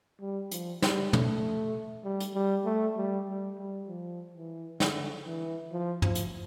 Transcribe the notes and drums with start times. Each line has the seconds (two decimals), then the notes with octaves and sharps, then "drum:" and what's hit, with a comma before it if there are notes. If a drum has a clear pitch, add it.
0.21 G3
0.51 F3, drum: hi-hat
0.82 G3, drum: snare
1.13 A3, drum: tom
2.04 G3
2.20 drum: hi-hat
2.35 G3
2.65 A3
2.97 G3
3.27 G3
3.58 G3
3.88 F3
4.34 E3
4.80 D3, drum: snare
5.26 E3
5.72 F3
6.02 F3, drum: tom
6.15 drum: hi-hat